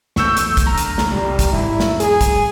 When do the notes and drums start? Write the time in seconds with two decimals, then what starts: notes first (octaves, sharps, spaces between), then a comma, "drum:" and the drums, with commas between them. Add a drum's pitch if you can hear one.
0.16 B1 E2 A3 C#6 E6 G6, drum: snare
0.37 drum: hi-hat
0.57 drum: kick, hi-hat
0.67 D2 A#5
0.78 drum: hi-hat
0.98 drum: snare
1.11 C2 F2 G3
1.39 drum: kick, hi-hat
1.53 E2 G#2 F#3 E4
1.80 drum: snare
2.00 G#4, drum: hi-hat
2.21 drum: kick, hi-hat